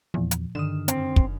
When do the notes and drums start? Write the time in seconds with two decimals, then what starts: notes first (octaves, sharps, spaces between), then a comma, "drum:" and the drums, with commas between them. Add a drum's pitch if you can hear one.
0.14 E2 A#2 F3
0.31 drum: hi-hat
0.55 G2 D3 D#3 D#6 F6 E7
0.88 F#2 C4, drum: hi-hat
1.16 drum: kick